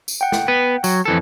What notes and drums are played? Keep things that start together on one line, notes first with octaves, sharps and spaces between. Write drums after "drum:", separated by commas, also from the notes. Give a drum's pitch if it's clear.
drum: tambourine
F#5 G5
drum: snare
B3 B4
F#3, drum: tambourine
F2 E3 A4